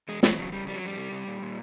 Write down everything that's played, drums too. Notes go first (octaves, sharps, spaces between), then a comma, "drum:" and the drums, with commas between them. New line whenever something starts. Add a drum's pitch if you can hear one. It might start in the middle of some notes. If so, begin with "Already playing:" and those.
E2 G#3
E2 F#3, drum: snare
C#3 F#3
C#3 G3
F2 G3
F#3
F2 G3
C3
C3
A#2
A#2